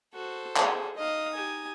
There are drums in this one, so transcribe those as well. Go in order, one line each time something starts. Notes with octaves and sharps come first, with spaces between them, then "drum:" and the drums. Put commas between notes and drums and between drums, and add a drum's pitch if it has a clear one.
F#4 A4 C5
G#4, drum: clap
D#4 D#5 F5 D#6
G4 G#5